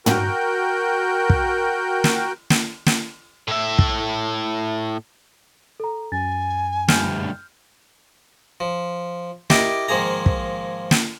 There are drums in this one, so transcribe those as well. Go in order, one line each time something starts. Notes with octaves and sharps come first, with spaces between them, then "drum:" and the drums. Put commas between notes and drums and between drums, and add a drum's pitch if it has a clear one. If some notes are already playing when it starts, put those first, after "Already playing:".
F#4 A#4 G5, drum: tom
drum: kick
drum: snare
drum: snare
drum: snare
A2 E5
drum: kick
A4 A#5
F#2 G#5 A6
D2 G2 F6 G6, drum: snare
F3
E4 G4 A#4 D5 D#5 D6, drum: snare
G#2 D#3 F3 A#3 G#4 A#5
drum: kick
drum: snare